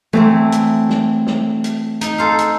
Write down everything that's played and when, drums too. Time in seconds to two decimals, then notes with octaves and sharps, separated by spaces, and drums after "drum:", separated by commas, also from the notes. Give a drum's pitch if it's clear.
0.13 E3 F#3 A3 C4, drum: tom
0.52 drum: hi-hat
0.89 drum: snare
1.27 drum: snare
1.64 drum: hi-hat
2.01 D#4, drum: hi-hat
2.18 A4 C5 F5
2.38 drum: hi-hat